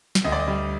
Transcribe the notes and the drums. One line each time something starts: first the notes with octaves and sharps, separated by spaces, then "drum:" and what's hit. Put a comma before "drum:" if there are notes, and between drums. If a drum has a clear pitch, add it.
drum: snare
D2 D#5
D5
D#5
G3